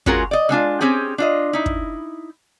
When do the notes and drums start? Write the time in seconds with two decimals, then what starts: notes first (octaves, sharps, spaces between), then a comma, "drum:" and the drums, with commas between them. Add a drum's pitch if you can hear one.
0.06 G#3 C#4 F4 F#4 G#4 A#4, drum: kick
0.31 D5 D#5
0.49 D3 G#3 D4 F4
0.81 C4 C#4 G4 G#4
1.18 D4 F4 D#5
1.53 D#4 E4
1.66 drum: kick